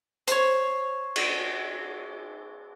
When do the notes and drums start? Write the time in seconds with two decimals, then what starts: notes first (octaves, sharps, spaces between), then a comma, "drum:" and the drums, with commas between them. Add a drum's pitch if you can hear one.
0.28 C5 C#5, drum: hi-hat
1.16 drum: cymbal